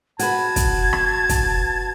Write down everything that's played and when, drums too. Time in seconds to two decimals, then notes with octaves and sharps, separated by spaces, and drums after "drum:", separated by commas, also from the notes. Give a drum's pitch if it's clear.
0.19 F#4 B4 A5 G#6, drum: hi-hat
0.56 drum: kick, hi-hat
0.93 drum: rim click
1.29 drum: kick, hi-hat